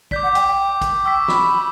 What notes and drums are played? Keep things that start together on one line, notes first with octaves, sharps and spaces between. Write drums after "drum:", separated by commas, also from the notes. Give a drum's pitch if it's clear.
D5 D6 G6 B6, drum: kick
F#5
G5, drum: hi-hat
G5
drum: kick, hi-hat
G5 C#6 E6 B6
B5, drum: snare